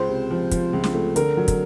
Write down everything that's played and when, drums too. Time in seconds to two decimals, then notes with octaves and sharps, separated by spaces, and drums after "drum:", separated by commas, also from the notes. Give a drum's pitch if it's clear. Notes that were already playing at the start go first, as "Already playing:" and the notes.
Already playing: C#2 C5
0.09 C3
0.31 F3
0.51 F3, drum: kick, hi-hat
0.73 C#2
0.84 drum: snare
0.94 A3
1.16 D3 A#4, drum: hi-hat
1.37 F#3
1.48 drum: kick, hi-hat